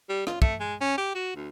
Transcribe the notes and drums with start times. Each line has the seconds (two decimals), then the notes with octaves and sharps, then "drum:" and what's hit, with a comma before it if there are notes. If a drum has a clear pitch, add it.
0.09 G3
0.27 F4, drum: rim click
0.42 A3, drum: kick
0.60 G#3
0.81 C#4
0.98 G4
1.15 F#4
1.36 D2